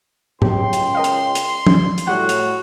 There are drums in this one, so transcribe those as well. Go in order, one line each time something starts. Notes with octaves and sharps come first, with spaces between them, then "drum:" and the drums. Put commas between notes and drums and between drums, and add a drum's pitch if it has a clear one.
C#2 F#3 G4 G5 C6, drum: tom G#2
drum: hi-hat
A#4 D#5 F5
drum: hi-hat
drum: hi-hat
drum: tom
drum: hi-hat
A2 G3 F#4 G4 F#5
drum: hi-hat